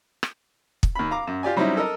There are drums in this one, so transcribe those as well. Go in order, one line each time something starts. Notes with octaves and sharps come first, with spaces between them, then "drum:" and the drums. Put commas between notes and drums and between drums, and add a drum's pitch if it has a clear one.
drum: rim click
drum: kick
D#2 B5
F5 A#5 D6
F#2
F4 G4 D5 G#5
F#3 G3 C4 C#4 D#4 E4
A4 A#4 D#5